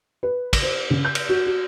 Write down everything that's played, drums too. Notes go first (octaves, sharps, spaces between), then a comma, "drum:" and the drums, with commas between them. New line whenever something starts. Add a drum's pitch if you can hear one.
B4
drum: kick, cymbal
C5
C#3
G6
drum: cymbal
F#4
F#4